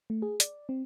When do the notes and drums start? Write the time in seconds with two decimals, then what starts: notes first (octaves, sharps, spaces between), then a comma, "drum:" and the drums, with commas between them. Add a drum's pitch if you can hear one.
0.10 A3
0.22 G#4
0.40 D5, drum: hi-hat
0.69 C4